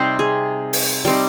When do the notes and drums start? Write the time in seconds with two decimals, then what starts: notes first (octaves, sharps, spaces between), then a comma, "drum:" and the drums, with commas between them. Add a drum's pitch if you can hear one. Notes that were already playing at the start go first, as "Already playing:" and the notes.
Already playing: C3 G3 C4 D#4 C5
0.19 G#4
0.73 drum: open hi-hat
1.05 G3 C4 D#4